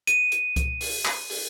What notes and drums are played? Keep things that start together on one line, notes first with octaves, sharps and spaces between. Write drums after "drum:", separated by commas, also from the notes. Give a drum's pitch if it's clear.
D#7, drum: hi-hat
drum: hi-hat
drum: kick C2, hi-hat
drum: open hi-hat
drum: clap
drum: open hi-hat